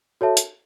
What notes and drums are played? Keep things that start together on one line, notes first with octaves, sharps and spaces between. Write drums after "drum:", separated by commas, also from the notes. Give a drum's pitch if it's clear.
F#4 A4 C#5 E5 A5
drum: hi-hat